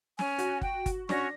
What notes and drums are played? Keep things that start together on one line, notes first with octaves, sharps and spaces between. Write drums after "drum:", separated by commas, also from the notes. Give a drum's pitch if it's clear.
C#4 G#5, drum: snare
F#4, drum: hi-hat
G5, drum: kick G1
drum: kick G1, hi-hat
C#4 D4 F#4 C#6 A#6, drum: snare